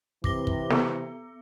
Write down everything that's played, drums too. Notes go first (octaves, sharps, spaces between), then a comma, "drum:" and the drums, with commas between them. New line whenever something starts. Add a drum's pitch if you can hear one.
C3 E3 D6 A#6 G7, drum: kick
drum: kick
B3, drum: snare